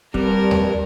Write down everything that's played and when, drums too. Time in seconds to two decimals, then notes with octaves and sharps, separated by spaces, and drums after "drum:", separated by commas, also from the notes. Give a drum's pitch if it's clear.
0.14 G2 G3 C4 A#4, drum: kick
0.51 drum: tom D#2